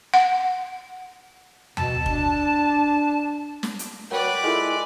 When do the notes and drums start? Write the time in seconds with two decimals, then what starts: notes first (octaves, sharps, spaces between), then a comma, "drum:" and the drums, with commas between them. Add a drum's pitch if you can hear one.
0.14 F#5
1.77 B2 A5, drum: tom D#2
2.06 D4, drum: kick
3.63 drum: snare
3.79 drum: hi-hat
4.11 F#3 A#4 B4 D5 G5
4.43 G#3 E4 F4 A4 A#4